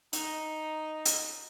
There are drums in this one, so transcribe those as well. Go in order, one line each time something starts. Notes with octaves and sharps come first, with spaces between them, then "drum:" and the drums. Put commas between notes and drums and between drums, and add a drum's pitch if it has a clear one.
D#4, drum: hi-hat
drum: hi-hat